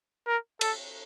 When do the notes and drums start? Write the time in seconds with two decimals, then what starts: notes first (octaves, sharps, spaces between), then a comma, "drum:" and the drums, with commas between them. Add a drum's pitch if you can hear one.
0.27 A#4
0.61 A4, drum: cymbal